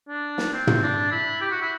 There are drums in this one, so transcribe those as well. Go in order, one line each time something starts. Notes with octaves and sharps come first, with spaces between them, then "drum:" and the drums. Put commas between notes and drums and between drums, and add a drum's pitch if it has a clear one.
D4
drum: snare
C4
drum: tom
D4
E4
G4
F#4
E4